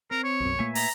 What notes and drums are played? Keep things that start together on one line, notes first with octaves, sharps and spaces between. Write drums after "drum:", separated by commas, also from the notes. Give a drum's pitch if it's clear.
C4 A#4
C#5
B1 F#2
A#2 A3 A#3 B4 E5 G#5
A#5, drum: open hi-hat